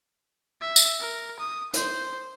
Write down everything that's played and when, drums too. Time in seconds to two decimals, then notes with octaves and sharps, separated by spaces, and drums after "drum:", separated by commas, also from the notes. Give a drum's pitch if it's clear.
0.61 E5
0.76 drum: tambourine
1.01 A#4
1.40 D#6
1.73 C5, drum: hi-hat